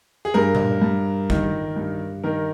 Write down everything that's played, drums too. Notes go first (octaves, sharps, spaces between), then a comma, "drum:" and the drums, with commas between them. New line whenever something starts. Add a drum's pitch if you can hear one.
G#4
G2 A#4
drum: tom A#2
G2
D#3, drum: kick G1
G2
D#3 A#4